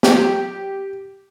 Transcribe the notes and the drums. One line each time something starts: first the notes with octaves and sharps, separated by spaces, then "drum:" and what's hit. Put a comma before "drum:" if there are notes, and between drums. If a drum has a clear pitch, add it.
G4, drum: snare